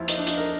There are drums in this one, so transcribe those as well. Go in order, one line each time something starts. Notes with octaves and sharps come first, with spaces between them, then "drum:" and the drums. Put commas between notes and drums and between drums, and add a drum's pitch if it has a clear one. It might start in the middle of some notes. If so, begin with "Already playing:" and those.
Already playing: D#2 F3 E4 F4
D#4, drum: hi-hat
D4
D#4, drum: hi-hat
A#4